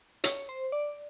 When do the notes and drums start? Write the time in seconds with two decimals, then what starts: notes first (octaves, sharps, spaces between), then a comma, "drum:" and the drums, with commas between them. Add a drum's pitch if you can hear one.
0.24 C#5, drum: hi-hat
0.49 C5
0.72 D5